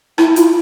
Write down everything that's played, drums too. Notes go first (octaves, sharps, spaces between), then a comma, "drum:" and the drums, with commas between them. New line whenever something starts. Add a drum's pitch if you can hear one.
E4, drum: rim click
F4, drum: hi-hat